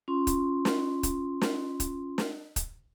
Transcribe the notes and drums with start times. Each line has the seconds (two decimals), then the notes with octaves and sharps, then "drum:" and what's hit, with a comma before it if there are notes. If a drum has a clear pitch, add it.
0.08 C#4 F4 C6
0.27 drum: kick, hi-hat
0.65 drum: snare
1.03 drum: kick, hi-hat
1.41 drum: snare
1.80 drum: kick, hi-hat
2.18 drum: snare
2.56 drum: kick, hi-hat